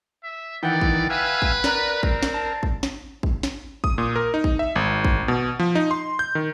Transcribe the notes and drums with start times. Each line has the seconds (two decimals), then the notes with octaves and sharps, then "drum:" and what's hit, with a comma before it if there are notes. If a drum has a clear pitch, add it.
0.24 E5
0.63 D#3 E3 D5 F#5 G5
0.82 drum: kick
1.10 B4 E5 F5 G#5
1.42 drum: kick
1.64 A#4 D5 A#5 F#6, drum: snare
2.03 C4, drum: kick
2.23 drum: snare
2.34 A5
2.63 drum: kick
2.83 drum: snare
3.23 drum: kick
3.43 drum: snare
3.84 D#6, drum: kick
3.98 A#2
4.16 A#4
4.34 D#4
4.44 drum: kick
4.59 E5
4.76 G#1
5.05 drum: kick
5.28 B2
5.59 F3
5.75 D#4
5.91 C6
6.19 G6
6.35 D#3